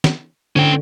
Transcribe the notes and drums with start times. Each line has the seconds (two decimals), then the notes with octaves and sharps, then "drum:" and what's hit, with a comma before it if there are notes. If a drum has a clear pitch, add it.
0.04 drum: snare
0.56 D3 C#4 G5